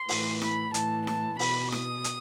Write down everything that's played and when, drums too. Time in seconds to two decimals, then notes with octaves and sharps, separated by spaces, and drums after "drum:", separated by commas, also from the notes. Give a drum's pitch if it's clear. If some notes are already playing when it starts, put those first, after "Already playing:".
Already playing: C6
0.09 A2 E3, drum: open hi-hat
0.41 B5, drum: snare E4
0.74 A2 E3 A5, drum: hi-hat
1.07 A5, drum: snare E4
1.39 B2 B5, drum: open hi-hat
1.72 D#6, drum: snare E4
2.04 drum: hi-hat